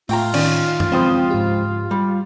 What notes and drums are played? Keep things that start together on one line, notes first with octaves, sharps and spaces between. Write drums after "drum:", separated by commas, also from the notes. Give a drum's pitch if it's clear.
A2 A3 F4 G5 A#5, drum: open hi-hat
D#3 C#4 D5, drum: cymbal
drum: tom
C#2 F3 C4 C5 G5 D#6
G#2 G4
G3